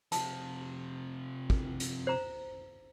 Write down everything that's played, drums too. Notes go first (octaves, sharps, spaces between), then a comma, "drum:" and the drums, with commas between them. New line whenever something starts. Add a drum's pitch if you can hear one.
C3 F3 A5, drum: hi-hat
drum: kick
drum: hi-hat
C5 A#5